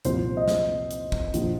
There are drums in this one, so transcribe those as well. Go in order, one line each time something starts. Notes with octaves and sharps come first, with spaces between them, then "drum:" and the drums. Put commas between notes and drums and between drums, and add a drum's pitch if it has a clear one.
C2 A#2 F3 C5, drum: hi-hat
D#5
drum: snare
drum: hi-hat
drum: kick
A#1 A#2 F3, drum: hi-hat